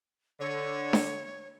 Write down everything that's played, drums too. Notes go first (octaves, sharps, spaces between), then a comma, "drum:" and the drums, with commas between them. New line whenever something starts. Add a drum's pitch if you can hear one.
D3 C#5
drum: snare D4